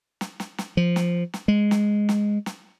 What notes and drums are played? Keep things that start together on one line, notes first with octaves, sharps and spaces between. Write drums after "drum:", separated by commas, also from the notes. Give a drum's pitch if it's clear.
drum: snare
drum: snare
drum: snare
F3
drum: snare
drum: snare
G#3
drum: snare
drum: snare
drum: snare